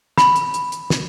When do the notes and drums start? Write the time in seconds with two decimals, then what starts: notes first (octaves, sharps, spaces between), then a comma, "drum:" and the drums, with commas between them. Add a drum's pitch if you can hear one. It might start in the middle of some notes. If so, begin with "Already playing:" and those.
0.18 B5, drum: snare
0.36 drum: hi-hat
0.54 drum: hi-hat
0.72 drum: hi-hat
0.90 drum: snare